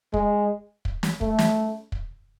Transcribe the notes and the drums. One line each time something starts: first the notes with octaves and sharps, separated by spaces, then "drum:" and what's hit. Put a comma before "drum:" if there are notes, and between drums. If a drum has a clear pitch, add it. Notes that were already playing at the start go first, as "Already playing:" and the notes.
G#3, drum: kick
drum: kick
drum: snare
A3, drum: kick
drum: snare
drum: kick